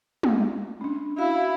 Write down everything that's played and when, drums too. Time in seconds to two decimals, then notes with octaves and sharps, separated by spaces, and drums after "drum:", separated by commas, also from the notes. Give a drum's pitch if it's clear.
0.23 drum: tom
0.81 C#4 D4
1.18 E4 F#4 F5